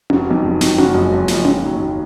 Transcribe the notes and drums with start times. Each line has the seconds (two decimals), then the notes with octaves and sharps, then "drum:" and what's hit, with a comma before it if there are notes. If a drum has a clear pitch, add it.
0.10 F1 F#4, drum: tom C#4
0.27 F2 D#3 F#3
0.44 F1
0.61 F2 D#3 F#3, drum: snare
0.78 F#1 F#4, drum: tom C#4
0.94 F#2 F3 G#3
1.12 F#1
1.28 F#2 F3 G#3, drum: snare
1.45 D#2, drum: tom C#4
1.63 D#3 F#3
1.80 D#2